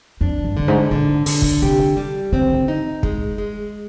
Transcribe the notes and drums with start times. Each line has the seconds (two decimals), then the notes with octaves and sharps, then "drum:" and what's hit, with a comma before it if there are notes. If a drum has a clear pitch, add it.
0.21 F2 D4
0.44 G2
0.57 G2 D3
0.68 G#2
0.91 A#2 D3
1.26 D3, drum: open hi-hat
1.42 drum: kick
1.62 C3 G4
1.97 G3
2.32 D3 C4
2.68 D#4
3.03 G#3, drum: kick
3.38 G#3